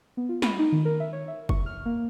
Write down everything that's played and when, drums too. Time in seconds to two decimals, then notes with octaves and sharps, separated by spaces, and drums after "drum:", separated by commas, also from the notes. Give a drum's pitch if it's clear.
0.17 B3
0.29 F4
0.42 B5, drum: snare
0.59 D#4
0.72 D#3
0.85 A#4
1.00 E5
1.13 C#5
1.28 E5
1.49 C#6, drum: kick
1.66 F6
1.85 A#3